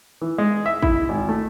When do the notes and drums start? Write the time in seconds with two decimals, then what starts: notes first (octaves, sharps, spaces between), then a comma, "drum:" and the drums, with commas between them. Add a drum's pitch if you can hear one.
0.22 E3
0.38 G#3
0.66 E5
0.83 E4, drum: kick
1.09 G#1
1.29 A3